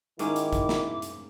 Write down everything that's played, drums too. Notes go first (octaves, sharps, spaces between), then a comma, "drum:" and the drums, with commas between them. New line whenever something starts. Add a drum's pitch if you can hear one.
G#2 D#3 A#3 C#4 E4 D6, drum: hi-hat
drum: hi-hat
drum: kick G#1, hi-hat
drum: snare
drum: hi-hat